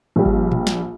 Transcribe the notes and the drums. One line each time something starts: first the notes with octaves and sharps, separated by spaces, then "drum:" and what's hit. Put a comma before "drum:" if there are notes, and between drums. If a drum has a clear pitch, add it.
A#1 G3
drum: kick G#1
drum: tom A#2
drum: snare